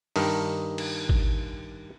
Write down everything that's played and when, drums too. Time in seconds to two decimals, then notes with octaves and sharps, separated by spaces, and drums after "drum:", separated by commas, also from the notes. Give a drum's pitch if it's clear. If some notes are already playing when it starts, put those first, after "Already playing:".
0.16 G2 D#3, drum: open hi-hat
0.78 drum: cymbal
1.09 drum: kick G#1